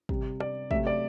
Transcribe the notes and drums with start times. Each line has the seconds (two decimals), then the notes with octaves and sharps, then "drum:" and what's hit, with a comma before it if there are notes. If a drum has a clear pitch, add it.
0.09 C3 G3, drum: kick
0.40 D5, drum: rim click
0.71 C3 F#3 A3 E5, drum: kick
0.87 D5